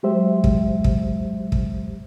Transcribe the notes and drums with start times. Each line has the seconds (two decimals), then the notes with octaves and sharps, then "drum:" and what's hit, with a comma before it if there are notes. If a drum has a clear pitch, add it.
0.03 F#3 G#3 G4 C5 E5
0.44 drum: kick
0.84 drum: kick
1.52 drum: kick